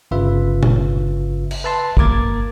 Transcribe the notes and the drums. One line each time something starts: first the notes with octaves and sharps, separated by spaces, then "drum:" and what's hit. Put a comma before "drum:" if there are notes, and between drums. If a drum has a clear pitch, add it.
G1 C#3 F4 B4 E5
drum: tom
drum: cymbal
B4 E5 A5 C6
G1 A#3 A#4 D6 G#6 A6, drum: kick